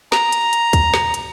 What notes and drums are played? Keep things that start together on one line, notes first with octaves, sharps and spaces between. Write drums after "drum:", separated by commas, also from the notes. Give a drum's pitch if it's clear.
A#5, drum: snare
drum: hi-hat
drum: hi-hat
drum: kick, hi-hat
drum: snare
drum: hi-hat